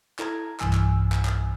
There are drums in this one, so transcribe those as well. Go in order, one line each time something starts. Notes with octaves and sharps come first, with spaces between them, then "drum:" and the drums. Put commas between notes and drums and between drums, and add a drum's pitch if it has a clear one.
E4 A4 A#5 G#6, drum: clap
B1 G2 E3 G#5 E6, drum: clap
drum: clap
drum: clap
drum: clap